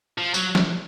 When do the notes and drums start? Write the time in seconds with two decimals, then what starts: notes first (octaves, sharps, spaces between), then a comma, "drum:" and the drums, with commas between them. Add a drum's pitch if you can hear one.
0.18 F3
0.34 F#3, drum: tambourine
0.55 drum: snare